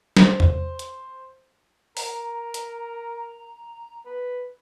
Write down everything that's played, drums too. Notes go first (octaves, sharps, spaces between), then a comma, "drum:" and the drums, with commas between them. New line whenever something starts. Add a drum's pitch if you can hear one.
C5, drum: snare
drum: tom E2
drum: hi-hat
A#4 A#5, drum: open hi-hat
drum: hi-hat
B4